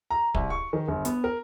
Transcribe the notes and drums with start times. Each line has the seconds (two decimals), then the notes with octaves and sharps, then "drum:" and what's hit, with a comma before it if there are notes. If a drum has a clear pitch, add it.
0.10 A#5
0.34 C2, drum: kick D1
0.50 C#6
0.73 D#3
0.88 G1
1.05 B3, drum: hi-hat
1.24 A#4